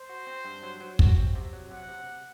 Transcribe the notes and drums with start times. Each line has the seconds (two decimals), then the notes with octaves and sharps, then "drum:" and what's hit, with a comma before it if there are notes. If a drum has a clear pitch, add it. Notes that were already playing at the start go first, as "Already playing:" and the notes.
Already playing: C5
0.09 F#4
0.27 C4
0.45 G2
0.63 F#3
0.81 F#3
0.99 F#4, drum: kick
1.17 C4
1.35 C3
1.53 F#3
1.71 C3 F#5
1.88 C3
2.07 C3